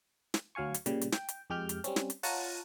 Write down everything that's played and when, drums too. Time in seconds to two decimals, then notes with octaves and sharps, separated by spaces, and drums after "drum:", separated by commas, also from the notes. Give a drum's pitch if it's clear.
0.34 drum: snare
0.55 D2 F#3 F5 G#5 C#6
0.74 drum: hi-hat
0.86 A#2 C#3 G3, drum: hi-hat
1.01 drum: hi-hat
1.12 G5, drum: snare
1.29 drum: hi-hat
1.50 F2 G#3 G4 G5 F6 G6
1.69 drum: hi-hat
1.84 G3 C4 C#4, drum: hi-hat
1.96 drum: snare
2.10 drum: hi-hat
2.23 F4 C#5 F#5 A5 A#5, drum: open hi-hat